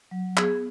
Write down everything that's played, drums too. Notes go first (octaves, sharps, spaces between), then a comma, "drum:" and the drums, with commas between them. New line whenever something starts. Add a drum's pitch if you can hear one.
F#3
B3 G#4, drum: clap